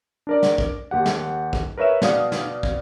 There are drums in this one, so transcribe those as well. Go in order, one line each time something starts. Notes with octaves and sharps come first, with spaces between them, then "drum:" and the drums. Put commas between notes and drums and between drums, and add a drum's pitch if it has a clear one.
D4 A#4 D5
drum: snare
drum: kick
D#2 G4 F#5
drum: snare
drum: kick
A#4 B4 C#5 E5 E7
B2 D5 F5 D#6, drum: snare
drum: snare
drum: kick